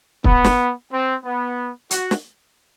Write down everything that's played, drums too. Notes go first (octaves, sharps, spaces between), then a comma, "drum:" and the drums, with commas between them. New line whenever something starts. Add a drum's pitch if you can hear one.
B3, drum: kick
drum: snare
C4
B3
F#4, drum: hi-hat
drum: snare